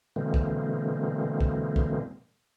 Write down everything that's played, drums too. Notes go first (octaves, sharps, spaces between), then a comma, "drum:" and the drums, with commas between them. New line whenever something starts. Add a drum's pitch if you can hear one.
B2 D3 E3 G#3 A#3 C4
drum: kick
drum: kick
drum: kick